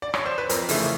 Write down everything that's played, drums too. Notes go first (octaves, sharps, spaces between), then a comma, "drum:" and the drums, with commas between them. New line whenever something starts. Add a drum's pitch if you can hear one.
D5
C#5, drum: rim click
C5
B4
F2 A#4, drum: hi-hat
C#3 E3 A3, drum: open hi-hat